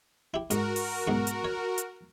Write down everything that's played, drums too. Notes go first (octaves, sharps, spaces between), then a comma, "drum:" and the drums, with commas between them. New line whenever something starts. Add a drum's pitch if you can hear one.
E4 G4
G#2 F#4 A#4, drum: hi-hat
drum: open hi-hat
B1 G#2 C#6
drum: hi-hat
C#5
drum: hi-hat